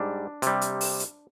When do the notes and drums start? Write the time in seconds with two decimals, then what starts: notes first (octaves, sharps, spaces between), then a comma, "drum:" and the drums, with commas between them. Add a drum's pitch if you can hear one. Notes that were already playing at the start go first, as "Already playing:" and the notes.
Already playing: G#2 G3 D4
0.42 C3 G3, drum: hi-hat
0.61 drum: hi-hat
0.81 drum: open hi-hat
1.00 drum: hi-hat